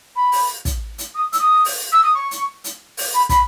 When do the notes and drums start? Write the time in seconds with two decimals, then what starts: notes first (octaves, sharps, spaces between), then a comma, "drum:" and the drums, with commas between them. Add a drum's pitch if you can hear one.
0.16 B5
0.32 drum: open hi-hat
0.65 drum: kick, hi-hat
0.98 drum: hi-hat
1.15 D#6
1.33 E6, drum: hi-hat
1.39 D#6
1.65 drum: open hi-hat
1.92 E6
2.03 D#6
2.15 C#6
2.31 drum: hi-hat
2.64 drum: hi-hat
2.97 drum: open hi-hat
3.14 B5
3.29 B5, drum: kick, hi-hat